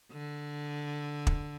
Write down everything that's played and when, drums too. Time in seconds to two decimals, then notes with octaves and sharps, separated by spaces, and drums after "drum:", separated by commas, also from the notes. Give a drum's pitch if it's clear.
0.12 D3
1.27 drum: kick